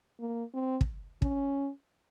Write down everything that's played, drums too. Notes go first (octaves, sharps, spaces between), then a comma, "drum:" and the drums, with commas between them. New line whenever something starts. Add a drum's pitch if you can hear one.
A#3
C4
drum: kick
C#4, drum: kick